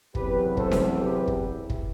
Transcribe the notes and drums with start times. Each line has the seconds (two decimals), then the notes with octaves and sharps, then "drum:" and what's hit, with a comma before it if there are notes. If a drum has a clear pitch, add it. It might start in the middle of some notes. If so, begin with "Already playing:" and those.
0.15 E2 C3 F#3 C4 G4 B4, drum: kick
0.57 A4 C5, drum: kick
0.71 drum: snare C#4
0.99 G4 B4
1.28 drum: kick
1.41 E4 G4
1.70 drum: kick